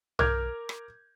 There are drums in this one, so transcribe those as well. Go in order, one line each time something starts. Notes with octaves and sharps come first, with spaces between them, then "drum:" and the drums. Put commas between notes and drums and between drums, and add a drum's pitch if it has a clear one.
A#4 D6 F6 G6 G#6, drum: tom B1
drum: rim click